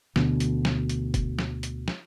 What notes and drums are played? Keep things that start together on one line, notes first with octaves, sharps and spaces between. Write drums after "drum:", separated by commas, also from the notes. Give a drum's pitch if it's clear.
D2 B2 D3, drum: snare
drum: hi-hat
drum: snare
drum: hi-hat
drum: kick F#1, hi-hat
drum: snare
drum: hi-hat
drum: snare